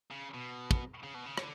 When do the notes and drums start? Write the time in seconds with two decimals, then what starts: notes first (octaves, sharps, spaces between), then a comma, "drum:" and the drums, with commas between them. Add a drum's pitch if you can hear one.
0.11 C#3
0.34 B2
0.71 drum: kick
1.03 C#3
1.14 B2
1.26 C#3
1.38 D3, drum: rim click